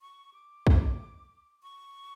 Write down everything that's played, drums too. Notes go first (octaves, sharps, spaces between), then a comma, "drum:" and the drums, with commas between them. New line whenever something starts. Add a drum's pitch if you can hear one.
C#6
D6
drum: kick
C#6